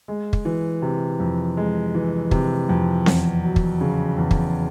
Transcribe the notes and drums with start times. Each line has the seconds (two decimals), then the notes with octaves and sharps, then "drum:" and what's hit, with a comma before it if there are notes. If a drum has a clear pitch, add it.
0.08 G#3
0.33 drum: kick
0.45 E3
0.82 C3
1.20 F2
1.57 G#3
1.95 E3
2.31 C3, drum: kick
2.69 F2
3.06 E2, drum: snare C4
3.43 F#3
3.56 drum: kick
3.81 C#3
4.18 E2
4.31 drum: kick